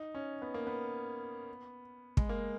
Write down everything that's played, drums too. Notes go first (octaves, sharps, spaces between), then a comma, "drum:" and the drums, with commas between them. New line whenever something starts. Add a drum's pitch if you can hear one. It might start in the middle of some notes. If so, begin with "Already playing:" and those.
Already playing: D#4
C#4
B3
A#3
B3
G#3, drum: kick
A#3